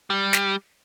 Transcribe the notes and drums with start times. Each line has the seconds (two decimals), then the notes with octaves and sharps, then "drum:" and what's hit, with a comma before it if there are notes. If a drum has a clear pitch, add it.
0.10 G3
0.33 drum: snare